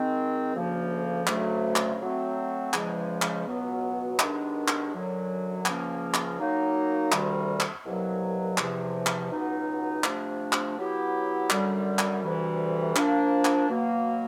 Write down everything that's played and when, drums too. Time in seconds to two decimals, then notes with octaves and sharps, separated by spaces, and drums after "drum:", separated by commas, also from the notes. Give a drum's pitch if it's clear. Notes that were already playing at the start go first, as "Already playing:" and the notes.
Already playing: D#3 G#3 C4
0.54 D2 C#3 F3 A#3
1.27 D2 C#3 F#3 A3, drum: clap
1.76 drum: clap
2.00 F#3 A3 C4
2.73 E2 C#3 F3 G#3, drum: clap
3.22 drum: clap
3.46 C#2 B2 F#3 B3
4.19 D#2 D#3 G#3 B3 D4, drum: clap
4.68 drum: clap
4.92 F#2 D3 F#3
5.66 C#2 C#3 F3 A#3 C#4, drum: clap
6.14 drum: clap
6.39 F#3 A#3 D#4
7.12 D2 C3 D#3 G3, drum: clap
7.60 drum: clap
7.85 C2 B2 F#3 A#3
8.58 E2 C3 F3, drum: clap
9.06 drum: clap
9.30 C#2 B2 F#3 B3 D#4
10.04 C3 F3 A3 D4, drum: clap
10.53 drum: clap
10.76 F#3 B3 E4 G4
11.50 F#2 D3 G3, drum: clap
11.99 drum: clap
12.23 D2 C3 E3 G3
12.96 F3 A#3 D4, drum: clap
13.45 drum: clap
13.69 B2 F#3 A#3